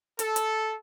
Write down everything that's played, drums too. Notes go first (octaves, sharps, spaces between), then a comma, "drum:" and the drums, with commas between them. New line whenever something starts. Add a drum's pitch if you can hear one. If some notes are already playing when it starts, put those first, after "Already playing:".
A4, drum: hi-hat
drum: hi-hat